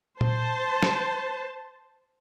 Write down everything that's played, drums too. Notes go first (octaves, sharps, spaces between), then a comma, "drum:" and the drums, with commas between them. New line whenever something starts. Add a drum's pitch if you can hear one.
C5 A5, drum: tom A#2
drum: snare